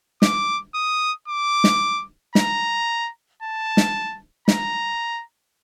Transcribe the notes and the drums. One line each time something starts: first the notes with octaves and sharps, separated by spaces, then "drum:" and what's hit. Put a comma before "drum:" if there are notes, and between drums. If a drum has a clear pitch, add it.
D6, drum: snare
D#6
D6
drum: snare
A#5, drum: snare
A5
drum: snare
A#5, drum: snare